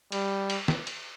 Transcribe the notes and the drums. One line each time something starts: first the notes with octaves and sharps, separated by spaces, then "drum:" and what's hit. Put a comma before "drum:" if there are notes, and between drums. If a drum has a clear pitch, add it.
G3, drum: cymbal
drum: cymbal
drum: snare
drum: cymbal